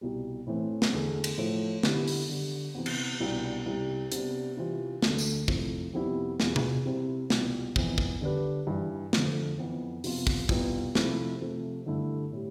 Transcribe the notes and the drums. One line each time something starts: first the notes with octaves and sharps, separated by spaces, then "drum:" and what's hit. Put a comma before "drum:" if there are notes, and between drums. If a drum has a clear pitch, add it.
C2 B2 G3
A2 E3 A3 C4
drum: snare
E2 D3 A3
drum: cymbal
A2 F3 A3
D3 G3 B3 E4, drum: snare
drum: open hi-hat
D3 G3 D4
C3 E3 B3
drum: cymbal
C2 B2 B3 D4
C2 C3 G3
C3 G3 B3 D4, drum: hi-hat
C3 E3 G3 C4 F4
D2 D3 A3, drum: snare
drum: tambourine
C3 F3 A3 E4, drum: kick
F2 C3 G3 B3 E4
E2 B2 B3 F4, drum: snare
drum: tom C3
C3 G3 C4 E4
C2 B2 B3 F4, drum: snare
F2 E3 B3, drum: kick
drum: kick
D3 G3 D4 G4 B4
G2 E3 G3
F2 D3 F3 A3, drum: snare
F2 E3 B3
C3 F3 B3 F4, drum: open hi-hat
drum: kick
C2 B2 B3 F4 B4, drum: kick
C3 F3 A3 E4, drum: snare
C3 F3 A3
G2 D3 A3 E4
A2 G3